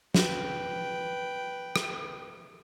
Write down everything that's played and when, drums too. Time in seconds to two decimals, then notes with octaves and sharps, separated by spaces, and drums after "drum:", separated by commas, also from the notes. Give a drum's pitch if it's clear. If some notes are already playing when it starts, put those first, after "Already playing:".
0.14 B4 G5, drum: snare
1.76 drum: rim click